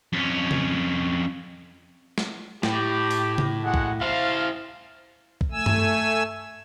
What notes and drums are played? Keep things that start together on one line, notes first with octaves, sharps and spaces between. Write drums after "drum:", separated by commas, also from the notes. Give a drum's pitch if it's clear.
F2 C#4
drum: tom C#3
drum: snare
A2 G4, drum: snare
drum: open hi-hat
drum: tom C#3
G#3 F#4 F#5
drum: kick B1
E4 C5 F5
drum: kick B1
A3 G#5 E6
drum: tom G2